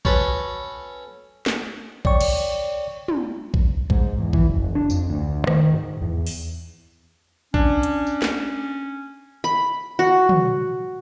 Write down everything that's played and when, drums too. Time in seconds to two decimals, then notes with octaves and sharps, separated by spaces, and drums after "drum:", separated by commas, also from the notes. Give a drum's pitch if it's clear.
0.05 C#4 F#4 A4 B4, drum: kick A#1
1.46 drum: snare
2.05 C#5 D5 G5 C#6, drum: kick A#1
2.21 drum: cymbal
3.08 drum: tom
3.54 drum: kick A#1
3.90 G#2, drum: kick A#1
4.18 E2
4.33 E3, drum: kick A#1
4.50 F#1
4.75 D4
4.90 F2, drum: tambourine
5.10 D2
5.47 D#3, drum: rim click
5.74 G#2
6.01 E2
6.27 drum: open hi-hat
7.54 C#4 D4, drum: kick A#1
7.83 drum: hi-hat
8.07 drum: tambourine
8.22 drum: snare
9.44 B5
9.99 F#4
10.29 drum: tom